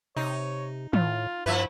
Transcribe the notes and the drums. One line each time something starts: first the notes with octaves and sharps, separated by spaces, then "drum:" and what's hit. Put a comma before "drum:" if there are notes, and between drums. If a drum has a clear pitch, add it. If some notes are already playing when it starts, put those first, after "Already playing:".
C3 D#4 C#5
A2 F4, drum: tom
G2 F3 E4 F4 B4